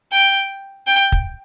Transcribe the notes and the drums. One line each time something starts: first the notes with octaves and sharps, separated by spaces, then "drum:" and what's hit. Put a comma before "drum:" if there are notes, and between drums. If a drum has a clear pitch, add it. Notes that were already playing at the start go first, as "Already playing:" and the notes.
G5
G5
drum: kick